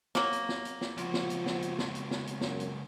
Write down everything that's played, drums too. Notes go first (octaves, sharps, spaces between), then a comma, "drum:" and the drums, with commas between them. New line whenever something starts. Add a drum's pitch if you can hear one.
F#3 A#3, drum: snare
drum: hi-hat
drum: snare
drum: hi-hat
drum: snare
C#2 F3 F#4, drum: hi-hat
drum: snare
drum: hi-hat
drum: snare
drum: hi-hat
drum: snare
drum: hi-hat
drum: snare
drum: hi-hat
F#2, drum: snare
drum: hi-hat